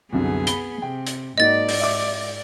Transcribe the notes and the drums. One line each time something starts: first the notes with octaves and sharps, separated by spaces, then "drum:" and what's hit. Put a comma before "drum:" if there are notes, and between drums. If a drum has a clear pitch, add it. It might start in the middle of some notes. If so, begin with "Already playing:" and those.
C2 F#2 D3 B3 G#4
B5 G7, drum: hi-hat
C3 G5
drum: hi-hat
G#2 A#3 D#4 F#4 D5 D#5 A6
drum: open hi-hat
E5 D6